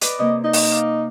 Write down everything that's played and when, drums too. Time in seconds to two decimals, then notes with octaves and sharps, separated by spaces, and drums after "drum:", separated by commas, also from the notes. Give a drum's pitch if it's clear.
0.01 B4 D5 D#5, drum: hi-hat
0.19 C3 A#3 D#5
0.44 D#4
0.53 drum: open hi-hat
0.72 F5 D6